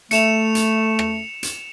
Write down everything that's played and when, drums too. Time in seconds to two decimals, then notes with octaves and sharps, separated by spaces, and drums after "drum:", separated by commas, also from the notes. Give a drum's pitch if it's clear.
0.11 A3 C#7 E7 F7, drum: hi-hat
0.55 drum: hi-hat
0.99 drum: rim click
1.43 drum: hi-hat